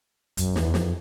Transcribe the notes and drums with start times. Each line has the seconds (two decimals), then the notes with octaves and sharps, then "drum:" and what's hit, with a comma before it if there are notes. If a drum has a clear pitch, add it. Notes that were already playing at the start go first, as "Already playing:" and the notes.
0.37 F#2, drum: kick, hi-hat
0.56 E2, drum: snare
0.74 F2, drum: snare